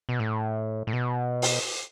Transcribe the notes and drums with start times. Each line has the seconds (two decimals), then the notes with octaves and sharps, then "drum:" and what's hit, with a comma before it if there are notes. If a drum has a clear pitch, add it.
0.09 B2
0.20 A2
0.87 A2
0.93 B2
1.42 drum: open hi-hat